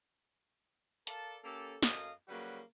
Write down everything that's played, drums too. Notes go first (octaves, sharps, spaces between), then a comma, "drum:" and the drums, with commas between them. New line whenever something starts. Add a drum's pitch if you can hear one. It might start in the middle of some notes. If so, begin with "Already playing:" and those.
A4 A#4 D5 F5 A5, drum: hi-hat
A#3 C#4 G4 A4
F#2 A4 D#5 F5, drum: snare
C#3 F#3 G3 A#3 F#4 B4